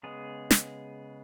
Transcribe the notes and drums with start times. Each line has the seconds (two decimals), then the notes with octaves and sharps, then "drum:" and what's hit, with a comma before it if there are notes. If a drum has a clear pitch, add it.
0.03 C#3 G#3 B3 G#4
0.51 drum: snare